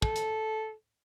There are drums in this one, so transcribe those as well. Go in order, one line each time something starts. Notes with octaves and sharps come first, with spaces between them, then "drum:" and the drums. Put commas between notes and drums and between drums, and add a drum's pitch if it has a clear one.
A4, drum: kick
drum: hi-hat